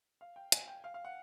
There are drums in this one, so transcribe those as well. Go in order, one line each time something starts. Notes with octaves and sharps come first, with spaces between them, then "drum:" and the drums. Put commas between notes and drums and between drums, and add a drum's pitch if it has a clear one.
F5
G5
G#5, drum: hi-hat
G5
F5
F5
F#5